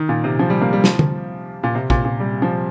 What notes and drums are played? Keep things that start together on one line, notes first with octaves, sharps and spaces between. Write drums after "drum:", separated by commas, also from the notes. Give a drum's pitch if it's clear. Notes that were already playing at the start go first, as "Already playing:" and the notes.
Already playing: D#3
A#2
C3
F3
G3
A#3
G3
F3, drum: snare
drum: tom D3
A#2
C3
A#2, drum: kick
A#2
G3
F3